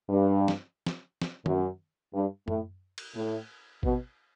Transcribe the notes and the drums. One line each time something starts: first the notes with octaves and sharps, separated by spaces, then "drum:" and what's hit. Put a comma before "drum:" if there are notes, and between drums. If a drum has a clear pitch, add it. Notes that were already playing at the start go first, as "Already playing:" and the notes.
G2
drum: snare
drum: snare
drum: snare
F#2, drum: tom
G2
A2, drum: tom F#2
drum: cymbal
A2
B2, drum: kick G#1